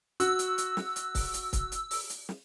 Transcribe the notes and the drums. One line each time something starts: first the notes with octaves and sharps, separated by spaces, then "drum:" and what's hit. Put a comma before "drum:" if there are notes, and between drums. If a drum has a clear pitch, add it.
F#4 E6, drum: hi-hat
drum: hi-hat
drum: hi-hat
drum: snare
drum: hi-hat
drum: kick, open hi-hat
drum: hi-hat
drum: kick, hi-hat
drum: hi-hat
drum: open hi-hat
drum: hi-hat
drum: snare